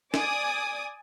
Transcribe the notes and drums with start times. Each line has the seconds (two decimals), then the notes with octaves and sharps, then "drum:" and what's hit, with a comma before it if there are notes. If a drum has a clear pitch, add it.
0.14 D5 G#5 D6 D#6, drum: snare